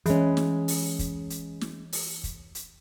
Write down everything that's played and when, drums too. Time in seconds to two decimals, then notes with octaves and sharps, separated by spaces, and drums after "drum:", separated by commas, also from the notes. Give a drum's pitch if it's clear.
0.06 E3 G#3 C#4, drum: hi-hat
0.37 drum: snare
0.68 drum: open hi-hat
0.99 drum: kick, hi-hat
1.30 drum: hi-hat
1.61 drum: snare
1.93 drum: open hi-hat
2.24 drum: kick, hi-hat
2.55 drum: hi-hat